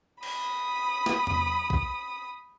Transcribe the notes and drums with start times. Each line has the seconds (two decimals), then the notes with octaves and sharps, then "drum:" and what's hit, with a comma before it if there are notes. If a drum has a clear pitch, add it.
0.23 B5 D#6, drum: cymbal
1.06 drum: snare
1.27 drum: tom
1.70 drum: kick